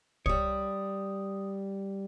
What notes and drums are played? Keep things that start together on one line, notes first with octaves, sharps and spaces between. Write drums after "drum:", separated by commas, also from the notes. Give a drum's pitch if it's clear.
G3 C#5 D#6, drum: kick C2